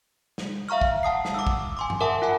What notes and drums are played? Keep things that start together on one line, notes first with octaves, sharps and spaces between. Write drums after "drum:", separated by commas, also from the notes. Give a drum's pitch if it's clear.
drum: snare
E5 F5 A#5 C#6 F6
drum: kick
F#5 A5 D#6 C7
drum: snare
D6 E6
drum: kick
G#5 C6 D6
drum: tom G2
A#4 E5 F#5 A5 D6
F4 F#5 G#5